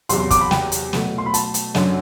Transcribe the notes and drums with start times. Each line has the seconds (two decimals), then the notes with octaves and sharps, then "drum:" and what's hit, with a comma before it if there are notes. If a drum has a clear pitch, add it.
0.09 E2 C3 F#3 C6, drum: hi-hat
0.20 C6
0.30 D6, drum: kick, hi-hat
0.41 B5
0.51 G5, drum: snare
0.72 drum: hi-hat
0.93 B2 F#3 A3, drum: snare
1.18 C6
1.26 B5
1.34 A5, drum: hi-hat
1.54 drum: hi-hat
1.75 F#2 D3 F#3, drum: snare